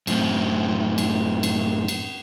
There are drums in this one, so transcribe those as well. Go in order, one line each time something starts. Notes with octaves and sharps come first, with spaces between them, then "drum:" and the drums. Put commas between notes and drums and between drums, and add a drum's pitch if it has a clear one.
F#2 A2 C4, drum: cymbal
drum: cymbal
drum: cymbal
drum: cymbal